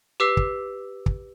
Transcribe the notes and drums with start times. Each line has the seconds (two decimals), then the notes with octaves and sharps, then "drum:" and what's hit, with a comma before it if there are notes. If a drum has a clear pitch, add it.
0.20 G4 B4 D6 E6 B6 C7
0.37 drum: kick
1.06 drum: kick